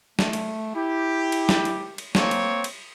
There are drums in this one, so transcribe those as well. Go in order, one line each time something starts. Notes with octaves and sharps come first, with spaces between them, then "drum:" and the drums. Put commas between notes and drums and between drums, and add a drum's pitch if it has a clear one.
A3, drum: snare
drum: cymbal
E4 G4
drum: cymbal
drum: snare
drum: cymbal
drum: cymbal
A#3 C4 C#5, drum: snare
drum: cymbal
drum: cymbal